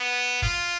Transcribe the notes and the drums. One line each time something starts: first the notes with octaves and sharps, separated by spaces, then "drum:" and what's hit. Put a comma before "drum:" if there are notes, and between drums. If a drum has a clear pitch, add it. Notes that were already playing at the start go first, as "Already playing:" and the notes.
Already playing: B3
F4, drum: kick